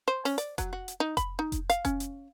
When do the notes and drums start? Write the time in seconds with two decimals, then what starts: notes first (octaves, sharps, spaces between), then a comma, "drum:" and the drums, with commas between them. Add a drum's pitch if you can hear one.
0.08 C5
0.25 C#4, drum: open hi-hat
0.38 D5, drum: hi-hat
0.58 F#3, drum: kick F1, hi-hat
0.73 F#4
0.88 drum: hi-hat
1.00 D#4
1.17 B5, drum: kick F1, hi-hat
1.39 D#4
1.52 drum: kick F1, hi-hat
1.70 F5, drum: hi-hat
1.85 C#4, drum: kick F1, hi-hat
2.00 drum: hi-hat